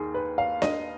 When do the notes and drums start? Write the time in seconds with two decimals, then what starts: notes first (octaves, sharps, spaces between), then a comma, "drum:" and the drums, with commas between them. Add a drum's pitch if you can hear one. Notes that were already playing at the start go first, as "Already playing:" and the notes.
Already playing: D#2 D#3 G#4
0.14 B4
0.38 F5
0.62 D#5, drum: snare D4